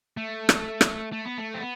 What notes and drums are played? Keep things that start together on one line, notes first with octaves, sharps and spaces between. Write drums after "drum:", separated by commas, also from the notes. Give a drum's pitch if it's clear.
A3
drum: rim click
drum: rim click
A3
B3
A3
C4
B3